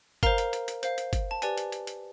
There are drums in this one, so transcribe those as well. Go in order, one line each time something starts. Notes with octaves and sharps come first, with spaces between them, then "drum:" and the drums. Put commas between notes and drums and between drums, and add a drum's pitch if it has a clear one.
A#4 C5 F5 A#5, drum: kick, hi-hat
drum: hi-hat
drum: hi-hat
drum: hi-hat
C5 F5, drum: hi-hat
drum: hi-hat
drum: kick, hi-hat
A5
G4 B4 D5 G#5, drum: hi-hat
drum: hi-hat
drum: hi-hat
drum: hi-hat